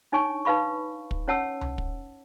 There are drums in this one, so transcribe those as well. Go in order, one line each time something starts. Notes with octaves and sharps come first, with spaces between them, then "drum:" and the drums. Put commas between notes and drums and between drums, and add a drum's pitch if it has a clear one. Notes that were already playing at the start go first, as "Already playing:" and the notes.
D4 D#4 C#5 G#5 C#6
D#4 B4 F5 B5 C#6
drum: kick
C#4 C#5 F#5 A5 E6
drum: tom C2
drum: kick